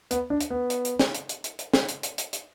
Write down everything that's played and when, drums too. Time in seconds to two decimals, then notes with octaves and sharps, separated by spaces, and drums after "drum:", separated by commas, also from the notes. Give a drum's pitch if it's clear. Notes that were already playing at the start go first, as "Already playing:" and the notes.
0.11 B3, drum: hi-hat
0.30 D4
0.40 drum: hi-hat
0.50 B3
0.70 drum: hi-hat
0.85 drum: hi-hat
0.99 drum: snare
1.14 drum: hi-hat
1.29 drum: hi-hat
1.44 drum: hi-hat
1.59 drum: hi-hat
1.73 drum: snare
1.88 drum: hi-hat
2.03 drum: hi-hat
2.18 drum: hi-hat
2.33 drum: hi-hat